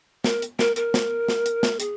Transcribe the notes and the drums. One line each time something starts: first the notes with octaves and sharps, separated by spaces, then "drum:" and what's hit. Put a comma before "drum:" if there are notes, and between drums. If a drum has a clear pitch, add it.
A#4, drum: snare
drum: hi-hat
A#4, drum: snare
A#4, drum: hi-hat
drum: snare
drum: snare
drum: hi-hat
drum: snare
G#4, drum: hi-hat